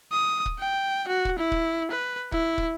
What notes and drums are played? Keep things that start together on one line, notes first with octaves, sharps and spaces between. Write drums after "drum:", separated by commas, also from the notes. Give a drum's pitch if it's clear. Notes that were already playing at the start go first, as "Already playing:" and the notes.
D#6
drum: kick
G5
F#4
drum: kick
E4
drum: kick
B4
E4, drum: kick
drum: kick